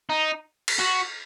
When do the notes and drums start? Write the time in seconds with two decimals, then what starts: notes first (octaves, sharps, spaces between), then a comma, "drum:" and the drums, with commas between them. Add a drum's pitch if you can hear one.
0.10 D#4
0.68 drum: cymbal
0.79 F#4